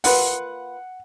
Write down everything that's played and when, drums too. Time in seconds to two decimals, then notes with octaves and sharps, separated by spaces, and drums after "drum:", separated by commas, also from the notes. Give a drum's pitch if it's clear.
0.04 A#3 F4 B4 F#5, drum: open hi-hat